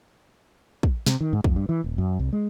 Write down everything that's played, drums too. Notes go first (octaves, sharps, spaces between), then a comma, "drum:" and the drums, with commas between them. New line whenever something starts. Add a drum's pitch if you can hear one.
drum: kick
C3, drum: snare
D#3
G#2
F2, drum: kick
G2
E3
D#1
F#2
C2
G#3